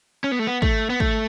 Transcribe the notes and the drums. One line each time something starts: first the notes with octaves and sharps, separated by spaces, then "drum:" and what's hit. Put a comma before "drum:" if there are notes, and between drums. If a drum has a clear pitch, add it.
C#4
B3
A3
B3
A3, drum: kick
B3
A3, drum: kick